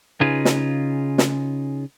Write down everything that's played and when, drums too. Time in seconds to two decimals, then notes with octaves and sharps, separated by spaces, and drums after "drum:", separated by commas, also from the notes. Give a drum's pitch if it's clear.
0.21 C#3 D#4 F4 G#4 B4
0.45 drum: snare
1.18 drum: snare